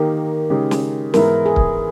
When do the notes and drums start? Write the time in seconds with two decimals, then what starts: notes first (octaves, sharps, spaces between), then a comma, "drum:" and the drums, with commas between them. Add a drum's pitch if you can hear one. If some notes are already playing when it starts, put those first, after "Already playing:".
Already playing: D#3 A#3 D#4 G4 A#4
0.50 C#3 G#3 D#4 G4
0.71 drum: snare
1.14 G#2 E3 G#3 B3 E4 A#4, drum: snare
1.46 G#4
1.56 drum: kick C#1